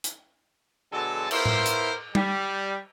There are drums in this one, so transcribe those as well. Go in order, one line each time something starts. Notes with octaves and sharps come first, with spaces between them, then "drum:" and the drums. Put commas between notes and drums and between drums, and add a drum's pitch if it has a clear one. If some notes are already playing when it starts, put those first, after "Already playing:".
drum: hi-hat
B2 D3 F#3 G#3 A4 A5
B3 E4 F4 A#4 C5, drum: cymbal
drum: tom A2
drum: hi-hat
G3, drum: tom